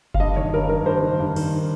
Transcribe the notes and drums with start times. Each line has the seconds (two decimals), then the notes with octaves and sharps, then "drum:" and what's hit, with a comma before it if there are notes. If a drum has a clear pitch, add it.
0.14 F5, drum: kick F#1
0.20 G2 D#5
0.36 D#3 C#5
0.54 G2 A#4
0.69 D#3 A#4
0.86 G2 C5
1.02 D#3
1.19 G2
1.36 D#3, drum: cymbal